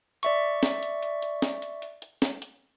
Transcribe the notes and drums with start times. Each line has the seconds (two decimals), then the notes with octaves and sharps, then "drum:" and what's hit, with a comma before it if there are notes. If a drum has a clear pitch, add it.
0.23 D5 E5 C#6, drum: hi-hat
0.63 drum: snare
0.83 drum: hi-hat
1.03 drum: hi-hat
1.22 drum: hi-hat
1.42 drum: snare
1.62 drum: hi-hat
1.82 drum: hi-hat
2.02 drum: hi-hat
2.22 drum: snare
2.42 drum: hi-hat